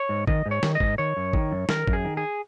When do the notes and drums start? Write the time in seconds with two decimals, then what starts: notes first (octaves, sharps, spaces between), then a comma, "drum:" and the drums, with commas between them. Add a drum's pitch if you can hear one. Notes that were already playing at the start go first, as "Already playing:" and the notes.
Already playing: C#5
0.09 G#2
0.27 D#3 D#5, drum: kick G#1
0.46 G#2
0.51 C#5
0.63 D#3, drum: snare
0.75 D#5
0.80 G#2, drum: kick G#1
0.98 D#3 C#5
1.17 F#2
1.33 D#3, drum: kick G#1
1.52 F#2
1.69 D#3 A#4, drum: snare
1.87 F#2, drum: kick G#1
1.93 G#4
2.05 D#3
2.17 G#4